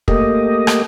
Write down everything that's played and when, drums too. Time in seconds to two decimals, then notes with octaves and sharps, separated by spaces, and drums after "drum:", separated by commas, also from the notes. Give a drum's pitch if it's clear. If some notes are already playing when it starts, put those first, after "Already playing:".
0.08 A3 A#3 G4 D#5, drum: kick
0.67 drum: rim click